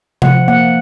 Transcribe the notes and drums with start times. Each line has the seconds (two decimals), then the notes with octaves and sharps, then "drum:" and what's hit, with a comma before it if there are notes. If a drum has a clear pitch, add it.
0.22 F3 F#5, drum: tom C3
0.48 A#3 F#5